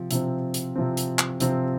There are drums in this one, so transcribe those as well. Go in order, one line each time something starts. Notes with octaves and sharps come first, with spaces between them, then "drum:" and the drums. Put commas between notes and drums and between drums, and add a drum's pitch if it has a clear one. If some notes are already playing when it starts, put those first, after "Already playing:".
Already playing: C3 F3 C4
C3 F3 C4, drum: hi-hat
drum: hi-hat
C3 F3 C4
drum: hi-hat
drum: clap
C3 F3 C4, drum: hi-hat